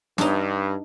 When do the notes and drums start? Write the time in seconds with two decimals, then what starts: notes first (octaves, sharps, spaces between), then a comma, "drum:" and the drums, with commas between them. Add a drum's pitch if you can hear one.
0.18 G2 D4 D#4, drum: snare